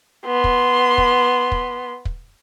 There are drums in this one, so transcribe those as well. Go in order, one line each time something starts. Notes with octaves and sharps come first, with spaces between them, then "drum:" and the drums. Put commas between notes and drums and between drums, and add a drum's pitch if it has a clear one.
B3 C6
drum: kick
drum: kick
drum: kick
drum: kick